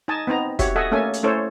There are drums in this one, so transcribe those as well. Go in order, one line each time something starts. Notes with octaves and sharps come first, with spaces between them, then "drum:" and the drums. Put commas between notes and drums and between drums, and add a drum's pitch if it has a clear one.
D#4 D#5 G#5 A5
B3 C4 D#4 A#5
F#4 G4 C#5 E5, drum: kick, hi-hat
A4 D#5 E5 F#5 G#5
A3 A#3 C#4 A4 E5 G#5
drum: hi-hat
A3 C#4 E4 A4 C5 C#5